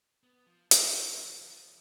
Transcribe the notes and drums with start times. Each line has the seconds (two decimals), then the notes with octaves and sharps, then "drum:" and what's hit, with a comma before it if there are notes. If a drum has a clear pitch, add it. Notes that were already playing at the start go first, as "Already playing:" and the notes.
0.23 B3
0.46 F3
0.71 G3, drum: hi-hat
1.03 C4
1.16 F2 D3
1.43 F3